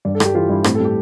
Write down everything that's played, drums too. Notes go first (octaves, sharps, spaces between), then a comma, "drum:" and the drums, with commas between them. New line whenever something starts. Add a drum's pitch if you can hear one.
G2 D5
A4
G2, drum: rim click
G4
E3 F4
G2 E4
A2 C4, drum: rim click
A4
G3 G4